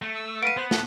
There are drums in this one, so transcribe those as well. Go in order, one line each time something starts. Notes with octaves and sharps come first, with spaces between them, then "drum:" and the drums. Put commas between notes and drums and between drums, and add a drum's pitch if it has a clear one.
A3
E6
B4 F5 F#5 D7 D#7
B3 C5 C6
F#5 A5, drum: snare